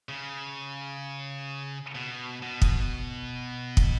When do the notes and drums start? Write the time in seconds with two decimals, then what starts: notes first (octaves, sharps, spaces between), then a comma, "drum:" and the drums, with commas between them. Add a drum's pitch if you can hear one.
0.09 C#3
1.95 B2
2.42 B2
2.62 drum: kick
3.77 drum: kick